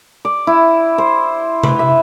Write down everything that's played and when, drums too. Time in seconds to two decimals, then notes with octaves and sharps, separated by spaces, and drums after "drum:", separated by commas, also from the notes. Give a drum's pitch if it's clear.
0.25 D5
0.47 E4
0.98 C5
1.64 B4, drum: tom C3
1.79 E5